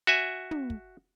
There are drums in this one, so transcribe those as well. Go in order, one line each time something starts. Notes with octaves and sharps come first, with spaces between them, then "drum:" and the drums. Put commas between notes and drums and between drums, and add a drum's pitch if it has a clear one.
F#4 E5 G#5
drum: tom
drum: kick